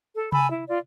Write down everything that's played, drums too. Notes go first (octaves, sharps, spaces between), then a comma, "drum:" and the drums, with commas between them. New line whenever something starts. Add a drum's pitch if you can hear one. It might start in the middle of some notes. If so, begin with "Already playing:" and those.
A4
G#5 A5 B5 E6, drum: tom C3
E4
F4 D5